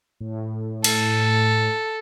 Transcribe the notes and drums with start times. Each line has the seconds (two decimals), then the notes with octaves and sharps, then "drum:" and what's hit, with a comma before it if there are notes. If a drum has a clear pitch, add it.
0.20 A2
0.84 A4, drum: cymbal